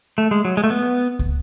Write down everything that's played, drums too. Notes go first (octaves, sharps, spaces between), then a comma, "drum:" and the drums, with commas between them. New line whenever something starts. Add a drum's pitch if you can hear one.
A3
G#3
F#3
G#3
A3
B3
drum: kick